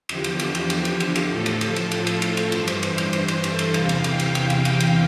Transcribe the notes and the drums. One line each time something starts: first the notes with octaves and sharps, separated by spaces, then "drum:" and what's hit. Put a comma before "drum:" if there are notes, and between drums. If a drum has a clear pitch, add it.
E2 D3 F3 G4, drum: cymbal
drum: cymbal
drum: cymbal
drum: cymbal
drum: cymbal
drum: cymbal
drum: cymbal
drum: cymbal
A2 F3 A4
drum: cymbal
drum: cymbal
drum: cymbal
drum: cymbal
drum: cymbal
drum: cymbal
drum: cymbal
G2 E3 C5, drum: cymbal
drum: cymbal
drum: cymbal
drum: cymbal
C5, drum: cymbal
drum: cymbal
A4, drum: cymbal
drum: cymbal
E2 C3 E3 F5, drum: cymbal
drum: cymbal
G5, drum: cymbal
drum: cymbal
F5, drum: cymbal
drum: cymbal
drum: cymbal
drum: cymbal